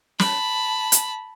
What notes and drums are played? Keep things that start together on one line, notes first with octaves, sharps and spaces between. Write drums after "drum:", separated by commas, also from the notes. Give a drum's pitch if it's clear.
A5 B5, drum: snare
drum: hi-hat